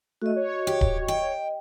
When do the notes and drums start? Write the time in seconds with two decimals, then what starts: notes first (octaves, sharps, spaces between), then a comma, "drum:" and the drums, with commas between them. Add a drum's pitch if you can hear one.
0.22 A3 F#4 D#5
0.36 C#5
0.67 G4
0.81 drum: kick D1
1.08 D#5 G5